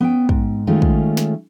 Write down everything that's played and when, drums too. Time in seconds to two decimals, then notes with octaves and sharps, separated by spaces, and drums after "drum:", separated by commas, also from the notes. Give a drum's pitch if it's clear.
0.01 B3 C#4 G5
0.29 G#2, drum: kick
0.67 D#3 G#3 A3 C#4 F4 G#4
0.82 drum: kick
1.17 drum: snare